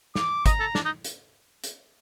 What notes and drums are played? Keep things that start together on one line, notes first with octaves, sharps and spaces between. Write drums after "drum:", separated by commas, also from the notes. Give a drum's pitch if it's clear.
D6, drum: snare
D#5 A#5, drum: kick, hi-hat
A4
D4, drum: snare
D#4
drum: hi-hat
drum: hi-hat